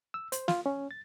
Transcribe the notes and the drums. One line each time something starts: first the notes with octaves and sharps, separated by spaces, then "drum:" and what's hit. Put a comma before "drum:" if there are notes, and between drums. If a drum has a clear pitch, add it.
E6
C5, drum: hi-hat
F4, drum: snare
C#4
A6